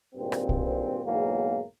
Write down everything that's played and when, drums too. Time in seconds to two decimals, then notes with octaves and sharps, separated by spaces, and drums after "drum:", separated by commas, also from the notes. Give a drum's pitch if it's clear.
0.15 G#1 G2 A#2 C4
0.32 drum: rim click
0.49 drum: kick B1
1.04 B1 E2 G#2 C#3 F#3 A#3